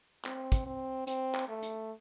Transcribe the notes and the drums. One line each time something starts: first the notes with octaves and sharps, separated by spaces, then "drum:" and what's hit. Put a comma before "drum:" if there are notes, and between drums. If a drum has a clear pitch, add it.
C4, drum: clap
drum: kick, hi-hat
C4
C4, drum: hi-hat
drum: clap
A3
drum: hi-hat